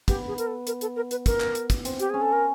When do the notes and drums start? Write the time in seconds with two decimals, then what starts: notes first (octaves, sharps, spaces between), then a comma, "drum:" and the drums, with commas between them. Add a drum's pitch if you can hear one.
0.08 B3 G4, drum: kick, hi-hat
0.28 G#4
0.38 A#4, drum: hi-hat
0.47 A4
0.67 A#4, drum: hi-hat
0.81 A4, drum: hi-hat
0.96 A#4
1.11 B4, drum: hi-hat
1.26 A#4, drum: kick, hi-hat
1.40 drum: clap
1.55 drum: hi-hat
1.70 drum: kick, hi-hat
1.85 C4, drum: hi-hat
1.99 G4, drum: hi-hat
2.10 C#4 G#4
2.21 A4
2.32 A#4